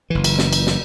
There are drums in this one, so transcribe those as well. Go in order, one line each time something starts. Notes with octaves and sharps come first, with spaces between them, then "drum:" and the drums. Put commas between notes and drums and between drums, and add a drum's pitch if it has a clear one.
F#1 E3
drum: cymbal
drum: snare
drum: cymbal
drum: snare